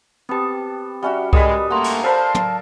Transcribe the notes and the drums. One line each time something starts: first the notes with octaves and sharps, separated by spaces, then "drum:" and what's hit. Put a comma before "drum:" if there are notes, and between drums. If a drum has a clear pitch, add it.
B3 C4 G4 A5
G3 C#4 F#4 E5 F#5
G#3 G4 A#4 D5 D#5 B5 D#6, drum: kick C2
G2 A3 A#3 F#5 G#5 A#5 C6
drum: cymbal
A4 A#4 C5 D5 F5 A5 B5
drum: tom